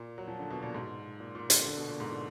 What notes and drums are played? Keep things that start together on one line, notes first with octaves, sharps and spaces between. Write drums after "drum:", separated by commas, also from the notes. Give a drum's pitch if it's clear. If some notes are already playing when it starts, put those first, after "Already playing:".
Already playing: A#2
F#3
F3
D3
B2
A#2
G#2
A#2
A#2
D3, drum: hi-hat
D3
B2
A#2
G#2
A#2